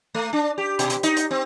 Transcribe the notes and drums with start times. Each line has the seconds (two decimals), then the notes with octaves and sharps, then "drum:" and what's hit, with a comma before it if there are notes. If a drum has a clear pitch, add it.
0.14 A3
0.33 D4
0.58 G4
0.79 B2, drum: hi-hat
0.90 drum: hi-hat
1.03 D#4, drum: hi-hat
1.17 drum: hi-hat
1.31 C4